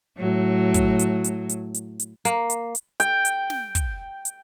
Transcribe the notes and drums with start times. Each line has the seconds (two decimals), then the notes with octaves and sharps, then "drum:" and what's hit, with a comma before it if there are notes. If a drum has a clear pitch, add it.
0.17 A2 F#3
0.74 drum: kick, hi-hat
0.99 drum: hi-hat
1.24 drum: hi-hat
1.49 drum: hi-hat
1.74 drum: hi-hat
1.99 drum: hi-hat
2.25 A#3, drum: hi-hat
2.50 drum: hi-hat
2.75 drum: hi-hat
3.00 G5, drum: hi-hat
3.25 drum: hi-hat
3.50 drum: snare
3.75 drum: kick, hi-hat
4.25 drum: hi-hat